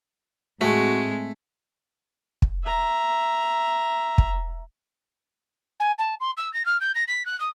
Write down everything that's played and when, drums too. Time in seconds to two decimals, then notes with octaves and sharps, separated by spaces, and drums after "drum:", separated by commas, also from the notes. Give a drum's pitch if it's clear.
0.61 A2 G#3 A3 C4 F#4
2.42 drum: kick
2.64 E5 A#5
4.18 drum: kick
5.80 G#5
5.98 A5
6.20 C6
6.37 E6
6.53 A#6
6.65 F6
6.80 G6
6.95 A#6
7.07 B6
7.25 F#6
7.40 D#6